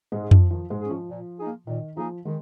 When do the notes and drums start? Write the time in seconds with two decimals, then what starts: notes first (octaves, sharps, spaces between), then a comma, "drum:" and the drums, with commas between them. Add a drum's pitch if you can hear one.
0.12 G#2 G#3
0.22 C#4 G#4
0.31 F3, drum: tom F2
0.51 D#3 F3
0.70 G#2 G#3
0.80 C#4 G#4
0.90 F3
1.09 A#2
1.39 A#3 D#4 G#4
1.67 A#2 D#3
1.96 F3 A#3 D#4 G#4
2.25 D#3 G#3